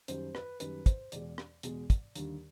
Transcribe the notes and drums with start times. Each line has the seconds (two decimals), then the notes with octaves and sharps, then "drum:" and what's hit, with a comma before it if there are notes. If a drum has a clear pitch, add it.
0.08 F#2 D#3 G3 C5, drum: hi-hat
0.35 B4, drum: rim click
0.60 F#2 D#3 G3 B4, drum: hi-hat
0.86 C5, drum: kick, hi-hat
1.12 E2 B2 G#3 D5, drum: hi-hat
1.38 drum: rim click
1.63 E2 B2 G#3, drum: hi-hat
1.90 drum: kick, hi-hat
2.15 D#2 D3 G3, drum: hi-hat